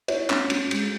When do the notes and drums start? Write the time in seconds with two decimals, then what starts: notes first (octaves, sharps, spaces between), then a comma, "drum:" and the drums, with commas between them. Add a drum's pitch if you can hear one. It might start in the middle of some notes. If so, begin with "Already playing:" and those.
0.08 E4 C#5, drum: cymbal
0.30 C#4, drum: clap
0.50 C#4, drum: cymbal
0.71 G#3, drum: cymbal